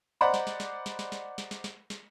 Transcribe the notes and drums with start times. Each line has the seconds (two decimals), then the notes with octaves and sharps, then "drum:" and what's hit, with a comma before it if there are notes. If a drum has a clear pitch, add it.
0.21 C5 D5 D#5 F#5 A#5 B5
0.34 drum: snare
0.47 drum: snare
0.60 drum: snare
0.86 drum: snare
0.99 drum: snare
1.12 drum: snare
1.38 drum: snare
1.51 drum: snare
1.64 drum: snare
1.90 drum: snare